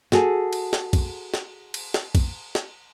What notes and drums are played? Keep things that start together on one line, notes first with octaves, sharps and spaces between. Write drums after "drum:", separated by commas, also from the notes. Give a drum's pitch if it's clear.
F#4 G#4 A4, drum: snare
drum: cymbal
drum: snare
drum: kick, cymbal
drum: snare
drum: cymbal
drum: snare
drum: kick, cymbal
drum: snare